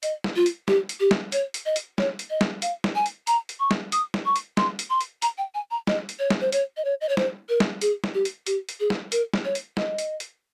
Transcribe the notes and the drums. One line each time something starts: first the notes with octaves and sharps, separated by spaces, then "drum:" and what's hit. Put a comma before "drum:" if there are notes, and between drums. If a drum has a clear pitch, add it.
D#5, drum: hi-hat
drum: snare
F4
drum: hi-hat
G4, drum: snare
drum: hi-hat
G4
drum: snare
C#5, drum: hi-hat
drum: hi-hat
D#5
drum: hi-hat
C#5, drum: snare
drum: hi-hat
D#5
drum: snare
F5, drum: hi-hat
drum: snare
G#5
drum: hi-hat
A#5, drum: hi-hat
drum: hi-hat
C#6
drum: snare
D#6, drum: hi-hat
drum: snare
C#6
drum: hi-hat
C6, drum: snare
drum: hi-hat
C6
drum: hi-hat
A#5, drum: hi-hat
G5
G#5
A#5
D#5, drum: snare
drum: hi-hat
C#5
drum: snare
C5
C#5, drum: hi-hat
D#5
C#5
D#5
C#5
C5, drum: snare
A#4
drum: snare
G#4, drum: hi-hat
drum: snare
G4
drum: hi-hat
G4, drum: hi-hat
drum: hi-hat
G#4
drum: snare
A#4, drum: hi-hat
drum: snare
C#5
drum: hi-hat
D#5, drum: snare
drum: hi-hat
drum: hi-hat